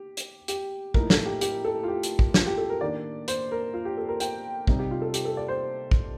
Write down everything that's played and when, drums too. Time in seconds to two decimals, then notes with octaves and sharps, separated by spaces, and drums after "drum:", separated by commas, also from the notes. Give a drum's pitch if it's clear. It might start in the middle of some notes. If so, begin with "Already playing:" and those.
Already playing: G4
0.17 drum: hi-hat
0.48 G4, drum: hi-hat
0.94 A2 F3 A#3 D#4 A#4, drum: kick
1.10 A4, drum: snare
1.26 G4
1.41 G4, drum: hi-hat
1.65 A4
1.83 F4
1.88 G4
2.03 drum: hi-hat
2.19 drum: kick
2.34 F4, drum: snare
2.46 G4
2.58 A4
2.69 A#4
2.81 D#3 A#3 D4 D5
3.28 C5, drum: hi-hat
3.51 A#4
3.74 F4
3.85 G4
3.97 A4
4.09 A#4
4.20 G5, drum: hi-hat
4.67 C3 G3 C4 D#4, drum: kick
4.79 G4
4.91 F4
5.02 A4
5.14 G4, drum: hi-hat
5.25 A4
5.37 D5
5.48 C5
5.91 drum: kick